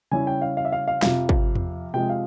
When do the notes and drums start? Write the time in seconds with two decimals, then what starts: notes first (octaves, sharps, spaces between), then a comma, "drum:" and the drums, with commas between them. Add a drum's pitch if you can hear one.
0.11 C#3 G3 C#4 E4 G#5
0.27 G5
0.42 F5
0.57 F5
0.65 E5
0.72 F5
0.88 F5
1.02 F2 C3 F3 F5, drum: snare
1.29 drum: kick
1.55 drum: tom E2
1.94 C3 F3 G#3 G5
2.09 F5